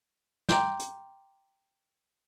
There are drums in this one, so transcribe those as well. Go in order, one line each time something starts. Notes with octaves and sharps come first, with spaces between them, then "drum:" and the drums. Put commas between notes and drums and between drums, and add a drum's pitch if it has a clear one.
G5 A#5 C6 D6 G6, drum: snare
drum: hi-hat